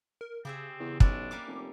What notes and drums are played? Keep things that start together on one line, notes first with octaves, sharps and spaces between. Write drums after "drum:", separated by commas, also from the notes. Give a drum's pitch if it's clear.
A#4
C#3 C4 G4 G#4 E5
E2
B1 C#4 D4 E4 D5, drum: kick
G3 A#3 C#4 D6
F1